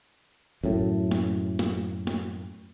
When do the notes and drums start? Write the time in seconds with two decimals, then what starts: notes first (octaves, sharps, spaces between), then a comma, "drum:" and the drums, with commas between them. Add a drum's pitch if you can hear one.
0.64 F#2 A2
1.11 drum: snare
1.59 drum: snare
2.07 drum: snare